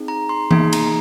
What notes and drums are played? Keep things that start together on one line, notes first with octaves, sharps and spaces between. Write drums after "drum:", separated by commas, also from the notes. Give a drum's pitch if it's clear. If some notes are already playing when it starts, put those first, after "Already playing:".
Already playing: C4 D#4 G#4
A#5
C6
A#3 D#4 G#4 C6, drum: tom E3
A#5, drum: cymbal